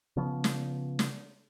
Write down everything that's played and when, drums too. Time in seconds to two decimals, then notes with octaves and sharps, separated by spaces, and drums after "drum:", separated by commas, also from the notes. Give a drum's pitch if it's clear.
0.17 C#3 F3 B3
0.44 drum: snare
0.99 drum: snare